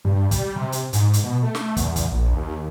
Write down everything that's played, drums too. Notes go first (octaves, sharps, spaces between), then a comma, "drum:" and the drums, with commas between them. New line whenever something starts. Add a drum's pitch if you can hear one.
G2
G3, drum: kick, hi-hat
C3
drum: hi-hat
G#2, drum: hi-hat
drum: hi-hat
B2
A3
drum: snare
E2, drum: kick, hi-hat
drum: kick, hi-hat
A#1
D#2